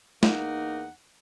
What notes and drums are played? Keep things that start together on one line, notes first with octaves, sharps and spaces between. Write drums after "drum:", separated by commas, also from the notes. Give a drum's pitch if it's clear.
E2 A#3 D#4 F#5, drum: snare